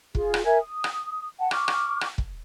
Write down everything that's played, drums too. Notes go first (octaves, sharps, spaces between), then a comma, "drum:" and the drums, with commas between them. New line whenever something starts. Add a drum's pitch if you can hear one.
F4 G#4, drum: kick
drum: rim click
A#4 E5 G#5 G#6
D#6
drum: rim click
F#5 G5 A5
C#6 D6 F6, drum: rim click
drum: rim click
drum: rim click
drum: kick